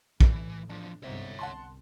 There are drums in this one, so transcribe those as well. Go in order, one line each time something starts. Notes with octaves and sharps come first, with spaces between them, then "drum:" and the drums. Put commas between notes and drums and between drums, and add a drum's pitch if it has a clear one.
A2 E3, drum: kick A#1
E2 F3 D4
G1 C2 G#2 C4 C#5 E5
C2 F#5 A5 C6